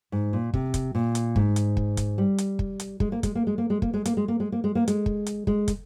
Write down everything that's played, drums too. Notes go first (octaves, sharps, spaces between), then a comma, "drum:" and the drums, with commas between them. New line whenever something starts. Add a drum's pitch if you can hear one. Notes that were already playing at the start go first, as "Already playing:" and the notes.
G#2
A#2
C3, drum: kick
drum: kick, hi-hat
A#2
drum: hi-hat
G#2, drum: kick
drum: hi-hat
drum: kick
drum: kick, hi-hat
G3
drum: hi-hat
drum: kick
drum: hi-hat
G#3, drum: kick
A#3
G#3, drum: kick, hi-hat
A#3
G#3
A#3
G#3
A#3, drum: kick
G#3
A#3, drum: hi-hat
G#3
A#3
G#3
A#3
G#3
A#3
G#3, drum: hi-hat
drum: kick
drum: hi-hat
G#3, drum: kick
drum: kick, hi-hat